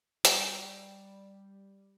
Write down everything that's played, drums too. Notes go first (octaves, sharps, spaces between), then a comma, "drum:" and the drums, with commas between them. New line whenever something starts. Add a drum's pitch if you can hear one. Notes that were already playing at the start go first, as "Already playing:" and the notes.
G3 G5 C#6, drum: hi-hat